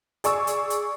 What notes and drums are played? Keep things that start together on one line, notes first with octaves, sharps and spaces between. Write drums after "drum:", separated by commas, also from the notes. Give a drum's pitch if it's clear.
G#4 D5 C#6 E6, drum: hi-hat
drum: hi-hat
drum: hi-hat